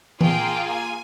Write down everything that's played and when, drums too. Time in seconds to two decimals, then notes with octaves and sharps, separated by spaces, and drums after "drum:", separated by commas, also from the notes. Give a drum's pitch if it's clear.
0.21 A#3 F4 G#4 G5, drum: tom E3
0.68 G#5